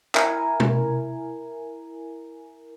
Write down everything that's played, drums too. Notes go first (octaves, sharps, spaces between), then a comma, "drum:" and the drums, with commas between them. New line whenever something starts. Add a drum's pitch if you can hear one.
E4 A#4 G#5, drum: clap
drum: tom B2